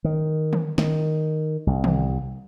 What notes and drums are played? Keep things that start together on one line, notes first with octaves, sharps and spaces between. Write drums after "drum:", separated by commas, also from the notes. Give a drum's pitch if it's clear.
D#3
drum: tom
D#3, drum: snare
C2
drum: tom